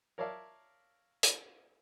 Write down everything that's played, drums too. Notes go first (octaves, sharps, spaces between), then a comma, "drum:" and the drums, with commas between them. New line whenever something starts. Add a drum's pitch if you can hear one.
A#4 C#5 D5 E5 F5 A5
drum: hi-hat